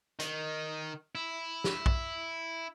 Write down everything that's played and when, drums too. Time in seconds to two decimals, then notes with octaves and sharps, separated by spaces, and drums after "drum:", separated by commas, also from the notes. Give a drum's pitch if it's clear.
0.20 D#3, drum: hi-hat
1.15 E4
1.64 drum: snare
1.86 drum: kick B1